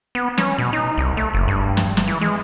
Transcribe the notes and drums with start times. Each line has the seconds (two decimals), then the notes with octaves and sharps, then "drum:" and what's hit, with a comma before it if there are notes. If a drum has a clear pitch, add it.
0.15 B3
0.38 C#4, drum: snare
0.58 B2
0.73 D#4
0.98 C2
1.17 A3
1.33 F#1
1.48 G2
1.77 drum: snare
1.97 drum: snare
2.08 E3
2.21 G#3